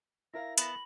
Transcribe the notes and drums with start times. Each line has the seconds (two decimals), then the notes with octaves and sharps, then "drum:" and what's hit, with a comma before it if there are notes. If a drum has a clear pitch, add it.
0.34 E4 A#4 F5 A#6
0.58 B3 A5 B5 A#6 F#7, drum: hi-hat